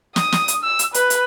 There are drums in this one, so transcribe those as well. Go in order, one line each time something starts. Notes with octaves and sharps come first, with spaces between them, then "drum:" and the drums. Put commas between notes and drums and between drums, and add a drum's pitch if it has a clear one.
D#6, drum: snare
drum: snare
drum: hi-hat
E6
drum: hi-hat
B4, drum: hi-hat
drum: hi-hat